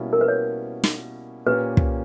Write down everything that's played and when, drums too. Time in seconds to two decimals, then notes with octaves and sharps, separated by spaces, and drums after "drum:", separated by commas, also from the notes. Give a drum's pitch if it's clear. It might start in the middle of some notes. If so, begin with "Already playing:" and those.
Already playing: B2 G3 A#3 C#4 E4
0.13 A#4
0.21 B4
0.28 C#5
0.84 drum: snare
1.46 A#2 A#3 C#4 G4 B4
1.77 drum: kick